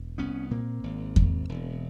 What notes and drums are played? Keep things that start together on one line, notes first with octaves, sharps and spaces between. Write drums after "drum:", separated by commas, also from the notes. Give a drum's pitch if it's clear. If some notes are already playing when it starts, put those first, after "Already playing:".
Already playing: E1
C2 B3 C#4
A#2 A#3 C4
G#1
G#1, drum: kick E2
E1